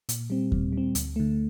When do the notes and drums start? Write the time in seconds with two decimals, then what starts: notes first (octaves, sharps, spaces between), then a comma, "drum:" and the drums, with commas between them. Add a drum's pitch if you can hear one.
0.09 A#2, drum: hi-hat
0.30 G3 C4
0.52 A#2, drum: kick D#2
0.72 G3 C4
0.95 D2, drum: hi-hat
1.16 D3 A3